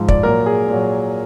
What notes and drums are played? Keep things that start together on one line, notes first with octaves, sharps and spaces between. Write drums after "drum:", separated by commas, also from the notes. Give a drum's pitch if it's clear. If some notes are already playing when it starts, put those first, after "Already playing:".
Already playing: G#2 F3
D5, drum: kick
A#2 F#3 A#4
G#4
A#2 F#3